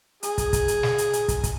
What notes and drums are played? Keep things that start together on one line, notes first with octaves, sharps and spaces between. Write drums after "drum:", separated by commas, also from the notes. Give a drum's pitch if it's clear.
G#4, drum: hi-hat
drum: kick, hi-hat
drum: kick, hi-hat
drum: hi-hat
drum: snare
drum: hi-hat
drum: hi-hat
drum: kick, hi-hat
drum: kick, hi-hat